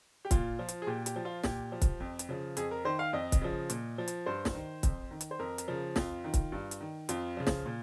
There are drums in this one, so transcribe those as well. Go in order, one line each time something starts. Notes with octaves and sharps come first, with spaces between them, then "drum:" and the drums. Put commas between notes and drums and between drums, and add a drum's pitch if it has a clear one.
G4
A#2 F4, drum: kick, hi-hat
F3
drum: hi-hat
G#4
A#2 G4
G4, drum: hi-hat
F3
F4
A#2 G4, drum: snare
F3
drum: kick, hi-hat
F2
drum: hi-hat
C#3 F3
F2 G#4, drum: hi-hat
A#4
D#3 C5
F5
F2 D#5
drum: kick, hi-hat
C#3 F3
A#2, drum: hi-hat
F3
drum: hi-hat
G2 C5
drum: snare
D#3
F2, drum: kick, hi-hat
D#3
drum: hi-hat
C5
F2 A#4
drum: hi-hat
C#3 F3
F2 F4, drum: snare
D#3
drum: kick, hi-hat
G2
drum: hi-hat
D#3
F2 F4, drum: hi-hat
C#3 F3
drum: snare
A#2